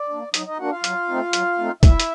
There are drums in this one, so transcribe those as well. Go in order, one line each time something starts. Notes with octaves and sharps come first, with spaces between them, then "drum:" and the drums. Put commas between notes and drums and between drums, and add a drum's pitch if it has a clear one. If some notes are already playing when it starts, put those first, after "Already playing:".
Already playing: D5
A#3 D4
F#3 D#4 D#5, drum: hi-hat
D#4 D#5
A#3 D4 F#4 F#5
F4 F5
F#3, drum: hi-hat
A3 C4 D#4
F#3, drum: hi-hat
A3 C4 D#4
A#2 E4 E5, drum: kick, hi-hat
drum: hi-hat